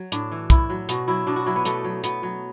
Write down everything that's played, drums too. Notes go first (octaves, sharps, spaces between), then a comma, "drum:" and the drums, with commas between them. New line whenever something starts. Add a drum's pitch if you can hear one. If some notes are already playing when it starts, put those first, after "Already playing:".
Already playing: F#3
A2 D4, drum: hi-hat
E3
A2 E4, drum: kick, hi-hat
F#3
B2 F#4, drum: hi-hat
F#3 E4
B2 D4
F#4
F#3 E4
B3
B2 A3, drum: hi-hat
F#3
B2 B3, drum: hi-hat
F#3